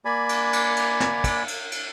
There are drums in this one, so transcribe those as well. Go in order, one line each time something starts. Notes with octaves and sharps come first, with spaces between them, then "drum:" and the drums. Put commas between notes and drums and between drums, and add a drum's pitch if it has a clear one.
A#3 D5 G#5 B5
drum: cymbal
drum: cymbal
drum: cymbal
drum: snare
drum: kick, cymbal
drum: cymbal
drum: cymbal